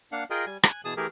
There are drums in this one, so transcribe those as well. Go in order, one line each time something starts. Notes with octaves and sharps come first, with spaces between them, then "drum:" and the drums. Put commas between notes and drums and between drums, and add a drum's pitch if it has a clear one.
A#3 D4 F5 F#5
F4 G#4 A#4 D#5 G5
G3 G#5
G#5 F#6, drum: rim click
B2 E3 G#4 A5 D#6
E3 A3 G4 G#4 A#4